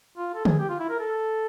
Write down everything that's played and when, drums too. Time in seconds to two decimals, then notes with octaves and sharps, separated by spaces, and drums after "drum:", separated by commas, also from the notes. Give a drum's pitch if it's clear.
0.18 F4
0.35 A4
0.45 G#4, drum: tom D3
0.59 G4
0.69 F4
0.80 E4
0.90 A#4
1.00 A4